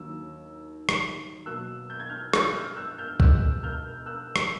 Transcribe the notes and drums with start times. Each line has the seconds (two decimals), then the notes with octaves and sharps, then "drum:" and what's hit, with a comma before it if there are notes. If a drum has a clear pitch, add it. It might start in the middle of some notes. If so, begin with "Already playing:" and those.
Already playing: D#2 D3 F#3 A#3 E6
0.89 drum: rim click
1.46 B2 F#3 A#3 E6 F#6
1.90 G6
2.00 G#6
2.09 F6 G6
2.33 E6 F#6, drum: rim click
2.55 F6 G6
2.77 E6 F#6
2.98 F6 G6
3.20 B2 G#3 B3 E6 F#6, drum: kick C2
3.63 F6 G6
4.06 E6 F#6
4.36 drum: rim click